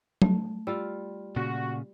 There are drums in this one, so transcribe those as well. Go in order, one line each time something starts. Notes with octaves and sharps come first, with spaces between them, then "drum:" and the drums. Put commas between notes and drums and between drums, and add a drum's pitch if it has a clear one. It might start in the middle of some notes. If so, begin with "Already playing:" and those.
A3, drum: tom F#3
G3 F4 F5 E6
A#2 C#3 F#4